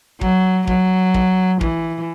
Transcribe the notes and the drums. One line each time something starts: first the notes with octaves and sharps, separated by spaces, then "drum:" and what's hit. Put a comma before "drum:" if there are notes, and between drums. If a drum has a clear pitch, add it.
F#3, drum: kick
F#3, drum: kick
drum: kick
E3, drum: kick